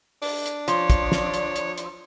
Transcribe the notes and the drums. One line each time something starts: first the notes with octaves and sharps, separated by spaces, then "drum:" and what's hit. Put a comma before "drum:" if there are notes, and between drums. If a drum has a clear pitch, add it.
D4, drum: open hi-hat
drum: hi-hat
F3 C#5, drum: hi-hat
drum: kick, hi-hat
drum: snare
drum: hi-hat
drum: hi-hat
drum: hi-hat